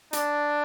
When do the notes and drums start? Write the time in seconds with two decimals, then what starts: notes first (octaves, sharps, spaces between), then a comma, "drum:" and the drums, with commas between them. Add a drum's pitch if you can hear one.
0.13 D4, drum: hi-hat